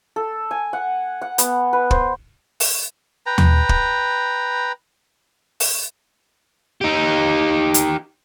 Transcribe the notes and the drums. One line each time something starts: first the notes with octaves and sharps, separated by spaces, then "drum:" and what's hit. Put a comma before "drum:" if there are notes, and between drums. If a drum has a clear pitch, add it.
A4
G#5
F#5
F#5
B3, drum: hi-hat
B4
C5, drum: kick
drum: open hi-hat
B4 G5 A#5
drum: tom D#2
drum: kick
drum: open hi-hat
D#4 G4
drum: hi-hat